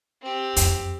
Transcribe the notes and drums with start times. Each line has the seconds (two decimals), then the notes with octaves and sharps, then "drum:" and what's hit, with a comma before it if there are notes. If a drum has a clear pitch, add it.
0.22 C4 G4
0.56 F2, drum: hi-hat